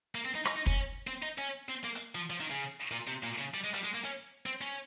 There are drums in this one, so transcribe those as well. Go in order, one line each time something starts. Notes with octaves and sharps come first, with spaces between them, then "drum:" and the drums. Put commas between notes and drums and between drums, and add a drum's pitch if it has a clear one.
A#3
C4
D#4
D#4, drum: rim click
D#4
C#4, drum: kick
C4
D#4
C#4
C4
A#3
drum: hi-hat
F3
F3
D#3
C#3
A#2
C3
A#2
C#3
G3
G#3
G3, drum: hi-hat
G#3
A#3
C#4
C4
C#4